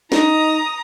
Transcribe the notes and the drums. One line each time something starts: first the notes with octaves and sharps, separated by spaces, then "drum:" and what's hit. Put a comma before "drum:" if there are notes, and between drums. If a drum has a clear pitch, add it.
D#4 A#5 D#6, drum: snare